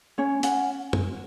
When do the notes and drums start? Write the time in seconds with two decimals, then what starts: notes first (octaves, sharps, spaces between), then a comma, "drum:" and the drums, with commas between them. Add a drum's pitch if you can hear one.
0.18 C#4 C#5
0.43 C#4 F#5, drum: hi-hat
0.93 drum: tom